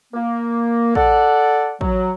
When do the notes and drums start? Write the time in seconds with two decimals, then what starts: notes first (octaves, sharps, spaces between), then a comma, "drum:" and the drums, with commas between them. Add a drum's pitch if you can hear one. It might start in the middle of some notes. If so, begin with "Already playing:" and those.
0.13 A#3
0.95 A4 D5 F#5, drum: kick
1.81 F#3, drum: kick